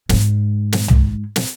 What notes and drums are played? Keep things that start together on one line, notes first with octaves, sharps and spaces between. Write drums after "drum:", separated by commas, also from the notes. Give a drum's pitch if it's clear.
G#2 G#3, drum: snare
drum: snare
drum: tom C2
drum: snare